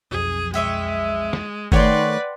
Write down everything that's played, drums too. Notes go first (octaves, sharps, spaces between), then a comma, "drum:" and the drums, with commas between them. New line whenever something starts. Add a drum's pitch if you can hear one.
B1 F2 G#4
G#3 C#5 E5 G5
drum: snare
D#3 A3 B4 C#5 D5 F#5 G5 C6, drum: kick F#1